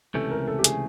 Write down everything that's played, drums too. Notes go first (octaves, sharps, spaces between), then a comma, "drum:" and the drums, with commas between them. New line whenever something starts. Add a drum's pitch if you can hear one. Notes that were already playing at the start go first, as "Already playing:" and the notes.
C#2 C3 E3 A3 C#4 A4
A#4
A4
G4
G#4, drum: hi-hat